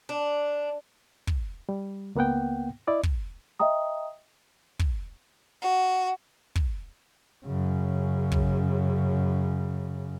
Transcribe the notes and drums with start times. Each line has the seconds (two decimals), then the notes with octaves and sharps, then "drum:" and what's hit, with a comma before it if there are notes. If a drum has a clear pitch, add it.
0.09 D4
1.27 drum: kick
1.69 G3
2.15 C#2 A#3 B3 F#5 G5
2.87 E4 D5 D#5
3.03 drum: kick
3.60 D#5 E5 G5 A#5 D#6
4.79 drum: kick
5.63 F#4
6.56 drum: kick
7.45 F#2 C#3
8.32 drum: kick